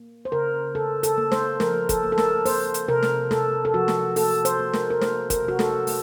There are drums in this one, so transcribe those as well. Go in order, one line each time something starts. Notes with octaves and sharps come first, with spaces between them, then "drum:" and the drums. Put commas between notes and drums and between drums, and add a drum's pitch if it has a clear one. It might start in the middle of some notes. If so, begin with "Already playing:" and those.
Already playing: A#3
C5
C#3 A#4
C#3 A4
A4, drum: hi-hat
A#3
C5, drum: snare
F3 A#4, drum: snare
A4, drum: kick G1, hi-hat
A#3
A4
A#4, drum: snare
A#3 C5, drum: open hi-hat
drum: hi-hat
C3 A#4
drum: snare
C3 A4, drum: snare
A4
F3 F#4
drum: snare
A#3 A4, drum: open hi-hat
C5, drum: hi-hat
A#3
A#4, drum: snare
A#4
A#3 C5, drum: snare
A#4, drum: kick G1, hi-hat
C3 F#4
A4, drum: snare
A3, drum: open hi-hat